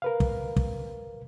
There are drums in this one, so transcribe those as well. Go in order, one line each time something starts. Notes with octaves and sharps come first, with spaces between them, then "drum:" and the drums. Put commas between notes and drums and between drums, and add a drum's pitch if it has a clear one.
A#4 B4 F5
drum: kick
drum: kick